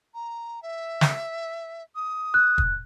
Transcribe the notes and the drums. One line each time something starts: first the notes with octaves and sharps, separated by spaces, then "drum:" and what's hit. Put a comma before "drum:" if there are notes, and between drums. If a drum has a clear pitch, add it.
A#5
E5
drum: snare
D#6
F#6
drum: kick